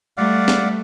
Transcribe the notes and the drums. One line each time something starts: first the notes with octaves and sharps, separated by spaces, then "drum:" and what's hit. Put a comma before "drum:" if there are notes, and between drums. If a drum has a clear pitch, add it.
G3 A3 D5 F5 F#5
drum: snare